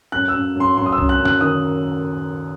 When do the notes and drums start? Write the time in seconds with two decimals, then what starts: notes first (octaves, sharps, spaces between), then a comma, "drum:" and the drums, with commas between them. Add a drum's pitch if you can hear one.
0.12 F#2 F#6
0.28 E6
0.34 F#2
0.56 F#2 C6
0.77 F#2 C6
0.86 D#6
0.92 E6
0.98 F#2, drum: kick C2
1.09 F#6
1.19 F#2
1.25 F#6, drum: snare
1.41 D#3 D#6